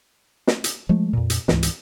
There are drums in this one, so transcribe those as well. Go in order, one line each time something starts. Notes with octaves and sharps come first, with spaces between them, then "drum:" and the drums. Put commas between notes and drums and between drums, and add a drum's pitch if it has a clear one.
drum: snare
drum: hi-hat
F3 G#3 A3
F2 A#2
drum: hi-hat
C#2 G#2 E3, drum: snare
drum: hi-hat